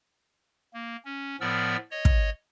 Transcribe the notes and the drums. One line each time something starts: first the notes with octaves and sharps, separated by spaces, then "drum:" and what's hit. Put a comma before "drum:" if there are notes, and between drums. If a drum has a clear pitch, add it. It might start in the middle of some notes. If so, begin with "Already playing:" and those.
A#3
C#4
A2 F3 B3 A#4 D5 E6
C#5 D#5
drum: kick